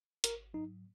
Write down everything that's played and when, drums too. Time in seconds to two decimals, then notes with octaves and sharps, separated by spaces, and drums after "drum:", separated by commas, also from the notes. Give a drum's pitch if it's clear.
0.24 G#1 A#4, drum: hi-hat
0.54 G#2 F#3 D#4